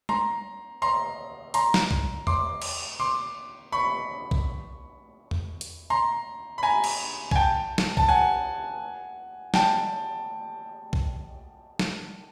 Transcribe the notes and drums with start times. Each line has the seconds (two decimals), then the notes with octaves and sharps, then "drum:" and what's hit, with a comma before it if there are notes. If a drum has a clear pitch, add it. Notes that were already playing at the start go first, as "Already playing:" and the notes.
0.09 A#5 C6, drum: tom
0.82 A#5 C6
1.54 A#5 C6, drum: hi-hat
1.74 drum: snare
1.91 drum: kick A#1
2.27 C6 D6, drum: tom E2
2.62 drum: cymbal
3.00 C6 D6
3.72 B5 C#6
4.31 drum: kick A#1
5.31 drum: tom E2
5.61 drum: hi-hat
5.90 A#5 C6
6.58 B5
6.63 G#5 A#5
6.84 drum: cymbal
7.31 G#5, drum: kick A#1
7.35 G5 A5
7.78 drum: snare
7.97 A5, drum: kick A#1
8.09 F#5 G#5
9.54 G5 A5, drum: snare
10.93 drum: kick A#1
11.79 drum: snare